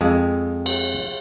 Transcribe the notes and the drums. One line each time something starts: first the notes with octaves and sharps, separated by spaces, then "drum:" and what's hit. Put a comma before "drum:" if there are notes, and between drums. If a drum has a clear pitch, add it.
F2 G#3
drum: cymbal